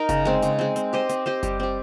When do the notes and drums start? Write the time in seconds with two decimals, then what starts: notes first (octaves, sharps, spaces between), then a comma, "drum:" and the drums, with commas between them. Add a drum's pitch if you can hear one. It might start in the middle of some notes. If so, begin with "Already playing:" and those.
Already playing: D#4 A#4
0.09 C#3, drum: kick F#1, hi-hat
0.25 G#3 C4
0.42 C#3, drum: hi-hat
0.59 G#3 C4
0.76 C4, drum: hi-hat
0.93 G4 C5 D#5
1.09 C4, drum: hi-hat
1.26 G4 C5 D#5
1.43 G3, drum: kick F#1, hi-hat
1.60 C4 G4